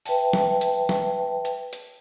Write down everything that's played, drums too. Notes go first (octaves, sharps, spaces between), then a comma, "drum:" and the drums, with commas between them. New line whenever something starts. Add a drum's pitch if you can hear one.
B4 E5 G5 A5, drum: open hi-hat
drum: snare
drum: hi-hat
drum: snare
drum: hi-hat
drum: hi-hat